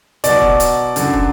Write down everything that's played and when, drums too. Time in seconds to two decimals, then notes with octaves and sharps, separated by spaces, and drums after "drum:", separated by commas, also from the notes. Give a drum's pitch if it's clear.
0.24 B2 F#3 D5, drum: hi-hat
0.42 drum: kick
0.60 drum: hi-hat
0.96 F#2 D3 F#3, drum: hi-hat
1.14 drum: kick